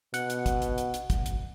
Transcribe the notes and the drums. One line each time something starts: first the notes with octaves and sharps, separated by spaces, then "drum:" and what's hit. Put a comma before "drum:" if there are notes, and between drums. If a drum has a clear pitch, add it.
B2 F#5, drum: hi-hat
drum: hi-hat
drum: kick, hi-hat
drum: hi-hat
drum: hi-hat
drum: hi-hat
drum: kick, hi-hat
drum: hi-hat